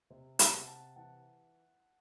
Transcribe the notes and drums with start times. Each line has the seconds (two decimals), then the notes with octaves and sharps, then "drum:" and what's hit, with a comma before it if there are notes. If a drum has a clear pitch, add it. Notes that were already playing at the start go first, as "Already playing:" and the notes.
0.10 C3
0.39 F#5 A5, drum: hi-hat
0.53 C3
0.67 F#5 A5
0.96 E3 F#5 A5